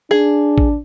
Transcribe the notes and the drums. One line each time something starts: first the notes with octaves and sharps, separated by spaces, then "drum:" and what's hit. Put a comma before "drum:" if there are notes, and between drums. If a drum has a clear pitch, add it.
D4 G#4
drum: kick